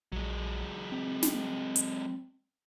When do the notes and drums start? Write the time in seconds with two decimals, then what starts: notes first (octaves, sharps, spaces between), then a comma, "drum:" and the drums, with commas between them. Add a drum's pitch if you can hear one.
0.12 A#1 F#3 G#3
0.92 C4
1.23 drum: snare
1.76 drum: hi-hat